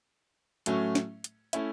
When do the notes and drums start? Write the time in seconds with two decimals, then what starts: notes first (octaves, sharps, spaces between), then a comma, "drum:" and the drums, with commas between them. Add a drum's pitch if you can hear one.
0.66 A2 F#3 A3 C#4, drum: hi-hat
0.95 drum: snare
1.24 drum: hi-hat
1.53 A3 C#4 E4, drum: hi-hat